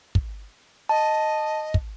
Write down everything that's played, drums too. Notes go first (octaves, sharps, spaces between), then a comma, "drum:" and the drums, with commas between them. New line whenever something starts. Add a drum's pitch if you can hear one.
drum: kick
D#5 A5
drum: kick